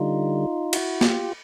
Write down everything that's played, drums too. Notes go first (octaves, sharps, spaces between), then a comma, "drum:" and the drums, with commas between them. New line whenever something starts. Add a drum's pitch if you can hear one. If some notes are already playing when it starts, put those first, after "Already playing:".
Already playing: D3 G3 D#4 F4
E4 F#4, drum: cymbal
F4 G4, drum: snare